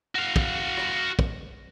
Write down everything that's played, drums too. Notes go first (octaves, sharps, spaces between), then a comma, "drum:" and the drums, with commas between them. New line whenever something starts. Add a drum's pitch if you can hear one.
F#4 F5
drum: kick
drum: rim click
drum: kick